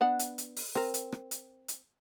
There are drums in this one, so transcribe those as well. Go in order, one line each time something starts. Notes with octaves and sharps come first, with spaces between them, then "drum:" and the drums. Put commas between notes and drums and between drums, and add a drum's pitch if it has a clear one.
B3 D4 F#5
drum: hi-hat
drum: hi-hat
drum: open hi-hat
C4 A#4, drum: rim click
drum: hi-hat
drum: rim click
drum: hi-hat
drum: hi-hat